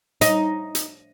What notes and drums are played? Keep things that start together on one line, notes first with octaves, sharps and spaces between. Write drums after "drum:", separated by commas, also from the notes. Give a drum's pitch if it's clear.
D#4, drum: hi-hat
drum: hi-hat